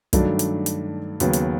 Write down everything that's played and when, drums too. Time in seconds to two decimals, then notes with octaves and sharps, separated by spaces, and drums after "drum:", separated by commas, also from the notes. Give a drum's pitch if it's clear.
0.13 G2 D#3 F#3 A3 D4, drum: kick, hi-hat
0.39 drum: hi-hat
0.66 drum: hi-hat
1.20 D#2 C#3 F#3 B3, drum: hi-hat
1.33 drum: hi-hat